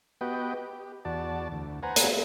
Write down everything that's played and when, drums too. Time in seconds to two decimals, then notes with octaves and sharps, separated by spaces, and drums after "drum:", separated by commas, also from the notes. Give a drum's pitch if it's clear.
0.21 B3 F#4 G4 B4 D#5 G5
0.57 G4
1.05 E2 F#4 D5 A5
1.52 D2
1.83 B4 C5 F#5 G#5 A#5
1.96 drum: hi-hat